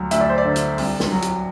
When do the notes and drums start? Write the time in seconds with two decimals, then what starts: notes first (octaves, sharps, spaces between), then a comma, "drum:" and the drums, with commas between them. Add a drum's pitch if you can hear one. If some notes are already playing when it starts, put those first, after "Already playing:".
Already playing: D2 F#3
0.11 D2 E5, drum: hi-hat
0.20 D5
0.29 C5
0.38 D5
0.45 D3
0.56 drum: hi-hat
0.78 C2, drum: open hi-hat
1.00 drum: snare
1.12 F#3
1.22 drum: hi-hat